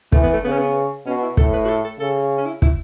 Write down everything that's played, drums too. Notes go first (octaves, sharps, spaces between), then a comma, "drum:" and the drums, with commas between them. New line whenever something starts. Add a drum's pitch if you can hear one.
E3 A3, drum: kick
B3
A3
C#3 B3
C#4
B3
B2 C#4
E4
A2 A4, drum: kick
B4
F#4
A4
A4
C#3 A4
C#4
E4
E4, drum: kick